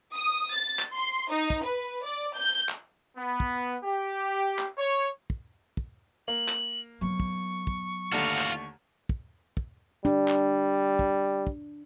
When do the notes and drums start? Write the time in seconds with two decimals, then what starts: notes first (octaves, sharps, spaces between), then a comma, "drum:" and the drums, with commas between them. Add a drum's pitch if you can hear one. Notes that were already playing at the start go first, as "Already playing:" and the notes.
0.15 D#6
0.55 A6
0.79 drum: clap
0.93 C6
1.30 D#4
1.50 drum: kick
1.64 B4
2.05 D5
2.36 G6
2.69 drum: clap
3.16 B3
3.40 drum: kick
3.84 G4
4.59 drum: clap
4.77 C#5
5.30 drum: kick
5.77 drum: kick
6.28 A#3 F#7
6.48 drum: clap
7.01 F#3 B3 C#6
7.20 drum: kick
7.67 drum: kick
8.12 D#2 D3 A3 F4 F#4
8.38 drum: clap
9.09 drum: kick
9.57 drum: kick
10.05 G3 D4
10.28 drum: clap
10.99 drum: kick
11.47 drum: kick